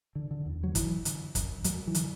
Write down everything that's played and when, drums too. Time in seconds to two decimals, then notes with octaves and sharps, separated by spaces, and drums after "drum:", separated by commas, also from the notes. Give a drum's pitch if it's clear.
0.15 D3
0.31 D3
0.46 E2
0.64 F#3
0.75 F#2 E3, drum: kick, hi-hat
1.05 D3, drum: hi-hat
1.35 F#2, drum: kick, hi-hat
1.64 F#2 F#3, drum: hi-hat
1.87 E3
1.95 D3, drum: hi-hat